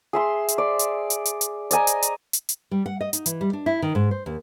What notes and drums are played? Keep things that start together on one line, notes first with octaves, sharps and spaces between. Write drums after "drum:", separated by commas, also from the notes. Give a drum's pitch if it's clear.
G#4 E5 C6
drum: hi-hat
D5
drum: hi-hat
drum: hi-hat
drum: hi-hat
drum: hi-hat
D5 D#5 G#5 A#5, drum: hi-hat
drum: hi-hat
drum: hi-hat
drum: hi-hat
drum: hi-hat
G3
F#5
D#5
D#4, drum: hi-hat
E3, drum: hi-hat
G3
D4
E4
D#3
G#2
C5
D#2